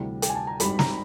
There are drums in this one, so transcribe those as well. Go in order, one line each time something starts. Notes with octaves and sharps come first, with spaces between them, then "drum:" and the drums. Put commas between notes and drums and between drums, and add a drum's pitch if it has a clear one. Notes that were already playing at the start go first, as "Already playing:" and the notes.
Already playing: D2 C3 E3 G3
G5, drum: hi-hat
G#5
A5
A#5
G#1 G2 D#3 G3 B5, drum: hi-hat
A#5, drum: snare